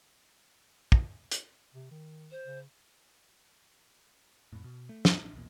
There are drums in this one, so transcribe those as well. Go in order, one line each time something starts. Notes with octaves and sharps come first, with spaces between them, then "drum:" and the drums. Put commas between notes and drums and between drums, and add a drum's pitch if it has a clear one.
drum: kick
drum: hi-hat
C3
D#3
C5
C#3
F2 A2
B2
A3
F2 G#2 B2, drum: snare
A1 D4
B1 E2 A#2